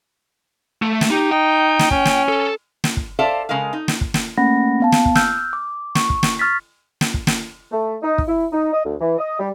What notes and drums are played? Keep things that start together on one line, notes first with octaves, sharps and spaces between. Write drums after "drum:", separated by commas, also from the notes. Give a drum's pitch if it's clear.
A3
drum: snare
D#4 G4
D#4 G5
drum: snare
C#4, drum: kick
drum: snare
A4
drum: snare
drum: kick
A4 C5 D5 E5 F5
C#3 G#3 A#4 D#5 F5
D#4
drum: snare
drum: kick
drum: snare
A3 A#3 C#4 F#5 B5 A#6
B3 F5 A5
drum: snare
drum: kick
E6 F6 G6, drum: snare
D6
C#6, drum: snare
drum: kick
drum: snare
C#6 F6 A6 B6
drum: snare
drum: kick
drum: snare
A3
D#4
drum: kick
E4
D#4
D#5
D2
E3
D#5
G3